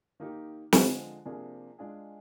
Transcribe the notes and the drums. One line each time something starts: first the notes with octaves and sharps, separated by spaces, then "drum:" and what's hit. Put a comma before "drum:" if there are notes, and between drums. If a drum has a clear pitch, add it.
D#3 A#3 D#4 G4
D3 F3 G#3 C4, drum: snare
C3 F3 A#3 D4 G#4
G#3 D4 F4 G#4